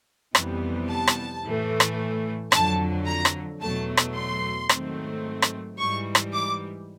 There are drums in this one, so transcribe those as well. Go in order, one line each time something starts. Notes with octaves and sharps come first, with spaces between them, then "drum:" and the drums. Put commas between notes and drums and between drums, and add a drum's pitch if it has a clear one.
F2 C3 E3 G3 B3, drum: rim click
A5
drum: rim click
A2 E3 A3
drum: rim click
F2 D3 F#3 A5, drum: rim click
A#5
drum: rim click
E2 B2 F#3 A3 A5
drum: rim click
C6
G#2 D#3 F#3 A3 C4, drum: rim click
drum: rim click
G#2 E3 G3 C#6
drum: rim click
D6